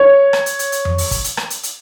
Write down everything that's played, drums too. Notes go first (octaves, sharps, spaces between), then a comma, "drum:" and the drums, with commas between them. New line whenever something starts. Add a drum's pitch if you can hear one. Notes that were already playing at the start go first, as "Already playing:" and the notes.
Already playing: C#5
drum: rim click
drum: hi-hat
drum: hi-hat
drum: hi-hat
drum: tom F2
drum: open hi-hat
drum: kick, hi-hat
drum: hi-hat
drum: rim click
drum: hi-hat
drum: hi-hat